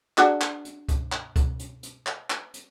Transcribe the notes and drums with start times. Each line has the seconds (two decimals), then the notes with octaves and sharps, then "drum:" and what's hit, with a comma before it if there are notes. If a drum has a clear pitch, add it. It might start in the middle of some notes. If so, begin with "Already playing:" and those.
0.18 D4 F#4 G#4, drum: clap
0.41 drum: clap
0.65 drum: hi-hat
0.89 drum: kick C#2, hi-hat
1.12 drum: clap
1.36 drum: kick C#2, hi-hat
1.59 drum: hi-hat
1.83 drum: hi-hat
2.07 drum: clap
2.30 drum: clap
2.54 drum: hi-hat